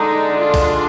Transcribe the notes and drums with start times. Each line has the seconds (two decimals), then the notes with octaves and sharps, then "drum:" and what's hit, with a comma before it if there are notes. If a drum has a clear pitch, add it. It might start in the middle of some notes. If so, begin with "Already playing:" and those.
Already playing: D3 G#3 D4 D#4
0.41 F4
0.54 drum: kick, open hi-hat